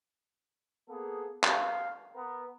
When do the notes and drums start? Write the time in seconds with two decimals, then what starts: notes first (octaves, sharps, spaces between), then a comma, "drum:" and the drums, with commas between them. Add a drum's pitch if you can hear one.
0.89 A#3 B3 G#4 A4
1.44 F5, drum: clap
2.15 B3 A#4